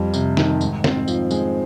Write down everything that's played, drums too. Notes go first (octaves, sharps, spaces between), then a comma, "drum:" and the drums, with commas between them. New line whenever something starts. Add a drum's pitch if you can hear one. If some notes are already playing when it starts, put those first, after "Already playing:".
Already playing: F2 F3 G3
C3, drum: tambourine
D#3, drum: snare
G#2, drum: tambourine
C4, drum: snare
F3, drum: tambourine
G#3, drum: tambourine